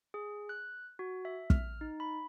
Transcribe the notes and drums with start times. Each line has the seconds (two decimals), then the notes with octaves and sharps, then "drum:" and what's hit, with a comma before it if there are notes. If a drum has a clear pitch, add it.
0.14 G#4
0.49 F#6
0.99 F#4
1.25 E5
1.50 F6, drum: kick
1.81 D#4
2.00 B5